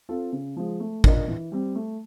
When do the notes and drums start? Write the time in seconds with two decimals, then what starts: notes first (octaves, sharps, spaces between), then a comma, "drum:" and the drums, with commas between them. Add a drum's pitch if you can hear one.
0.09 C4 F4 A4
0.33 C#3
0.56 F3 G#3
0.80 A3
1.04 D4 F4 A#4 D#5, drum: kick
1.28 E3
1.52 G3 C4
1.75 A3